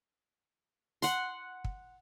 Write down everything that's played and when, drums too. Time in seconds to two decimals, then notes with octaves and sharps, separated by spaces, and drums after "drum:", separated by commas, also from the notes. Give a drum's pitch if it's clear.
1.02 F#5 C6, drum: hi-hat
1.64 drum: kick